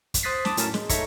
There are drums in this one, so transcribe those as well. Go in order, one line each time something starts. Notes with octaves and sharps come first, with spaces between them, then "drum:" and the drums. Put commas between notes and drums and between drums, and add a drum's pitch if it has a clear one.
drum: kick, hi-hat
C5 D#6 F#6 A6 B6 C7
A5 D6 D#6, drum: snare
A2 F#3 C#4 A#4 A5, drum: hi-hat
G#3, drum: snare
D#4 A4 C#5 E5 A#5 C#6, drum: kick, hi-hat